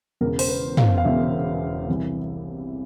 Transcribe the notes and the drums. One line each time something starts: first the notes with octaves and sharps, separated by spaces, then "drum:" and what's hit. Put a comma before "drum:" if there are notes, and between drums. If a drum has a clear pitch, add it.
E1 E2 C#3 A#4
C5, drum: open hi-hat
B4
F5, drum: tom
F5
E1 E2 C#3 E5
C2 C3 E3